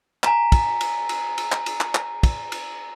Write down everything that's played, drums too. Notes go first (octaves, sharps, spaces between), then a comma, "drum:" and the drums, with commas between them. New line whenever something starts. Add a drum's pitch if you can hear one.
G#5 A#5 B6 E7, drum: clap
drum: kick, cymbal
drum: cymbal
drum: cymbal
drum: cymbal
drum: clap
drum: cymbal
drum: clap
drum: clap
drum: kick, cymbal
drum: cymbal